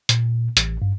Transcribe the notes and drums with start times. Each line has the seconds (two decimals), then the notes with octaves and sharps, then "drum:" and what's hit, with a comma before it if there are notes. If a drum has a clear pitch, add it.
0.09 A#2, drum: hi-hat
0.57 A1, drum: hi-hat
0.82 G2